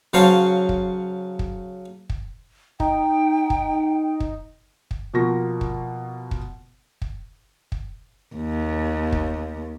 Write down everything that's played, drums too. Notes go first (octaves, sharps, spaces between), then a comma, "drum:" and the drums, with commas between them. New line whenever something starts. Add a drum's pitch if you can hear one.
C#3 F#3 C5 C#5 F5 A5
drum: kick
drum: kick
drum: kick
D#4 G5, drum: kick
drum: kick
drum: kick
drum: kick
B2 F3 A#3 F4 C#6 A#6
drum: kick
drum: kick
drum: kick
drum: kick
D#2
drum: kick